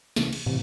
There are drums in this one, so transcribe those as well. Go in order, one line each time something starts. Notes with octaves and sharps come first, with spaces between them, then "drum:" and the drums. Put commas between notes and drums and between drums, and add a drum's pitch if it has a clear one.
C#2 C3 E3 A3 C#4, drum: snare
drum: cymbal
A2 C3 E3